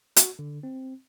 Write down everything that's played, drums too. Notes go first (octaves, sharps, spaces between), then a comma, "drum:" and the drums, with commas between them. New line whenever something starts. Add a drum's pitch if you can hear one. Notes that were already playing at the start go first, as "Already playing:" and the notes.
F#4, drum: hi-hat
D3
C4